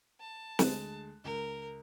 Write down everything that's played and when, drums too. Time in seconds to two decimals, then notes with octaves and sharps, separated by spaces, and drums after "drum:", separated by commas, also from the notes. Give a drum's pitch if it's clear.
0.20 A5
0.59 D2 G#3 F#6, drum: snare
1.24 C#2 A#4